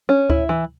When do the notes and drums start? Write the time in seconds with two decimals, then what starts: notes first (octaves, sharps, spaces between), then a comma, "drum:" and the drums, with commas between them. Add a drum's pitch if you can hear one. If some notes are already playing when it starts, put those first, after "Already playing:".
0.09 C#4
0.30 E4, drum: kick D2
0.49 E3